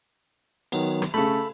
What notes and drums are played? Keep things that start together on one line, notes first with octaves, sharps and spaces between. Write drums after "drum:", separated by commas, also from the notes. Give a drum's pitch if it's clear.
D#3 F#3 B3, drum: cymbal
drum: rim click
C#3 A3 A4 B5